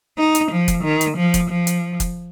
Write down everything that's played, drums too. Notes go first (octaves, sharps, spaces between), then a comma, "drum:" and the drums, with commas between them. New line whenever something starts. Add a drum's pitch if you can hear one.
D#4
drum: hi-hat
F3
drum: kick, hi-hat
D#3
drum: hi-hat
F3
drum: kick, hi-hat
F3
drum: hi-hat
drum: kick, hi-hat